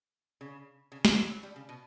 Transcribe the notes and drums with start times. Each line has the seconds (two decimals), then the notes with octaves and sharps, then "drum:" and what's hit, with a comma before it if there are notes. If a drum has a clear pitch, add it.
0.41 C#3
0.92 C#3
1.05 C#3, drum: snare
1.17 E3
1.31 F#3
1.43 G3
1.56 C#3
1.69 B2